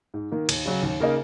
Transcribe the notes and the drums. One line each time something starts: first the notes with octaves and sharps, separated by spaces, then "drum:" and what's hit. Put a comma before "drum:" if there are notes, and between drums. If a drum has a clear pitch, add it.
G#2
D#3 A#3
D#2, drum: cymbal
C#3 F#3 C#4
D#2
C#3 A#3 D#4